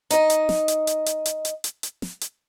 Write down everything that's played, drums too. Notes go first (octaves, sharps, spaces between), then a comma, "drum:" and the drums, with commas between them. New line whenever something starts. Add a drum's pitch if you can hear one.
D#4 D#5, drum: hi-hat
drum: hi-hat
drum: snare
drum: hi-hat
drum: hi-hat
drum: hi-hat
drum: hi-hat
drum: hi-hat
drum: hi-hat
drum: hi-hat
drum: snare
drum: hi-hat